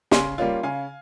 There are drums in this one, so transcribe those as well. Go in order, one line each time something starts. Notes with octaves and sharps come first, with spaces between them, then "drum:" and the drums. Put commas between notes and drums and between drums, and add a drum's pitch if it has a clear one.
C#3 G#5 C6, drum: snare
G3 A#3 C#4 F4
C#3 F5 G#5